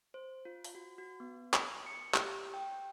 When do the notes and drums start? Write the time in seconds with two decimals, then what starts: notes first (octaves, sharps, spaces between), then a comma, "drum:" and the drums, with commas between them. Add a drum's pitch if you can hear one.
0.14 C5
0.45 F4
0.64 drum: open hi-hat
0.75 F#4
0.98 F#4
1.20 B3
1.54 D#6, drum: clap
1.86 C#7
2.14 G4, drum: clap
2.54 G5